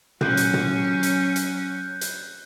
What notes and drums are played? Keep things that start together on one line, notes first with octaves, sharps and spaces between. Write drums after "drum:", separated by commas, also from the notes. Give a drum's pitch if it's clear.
F#3 C#4 F#6 G6, drum: tom
drum: hi-hat
drum: tom
drum: hi-hat
drum: hi-hat
drum: hi-hat